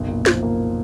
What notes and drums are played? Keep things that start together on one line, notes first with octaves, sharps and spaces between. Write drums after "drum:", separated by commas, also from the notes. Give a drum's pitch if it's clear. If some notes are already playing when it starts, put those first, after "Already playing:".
Already playing: F#1 B1
A#2
F3, drum: snare
A#3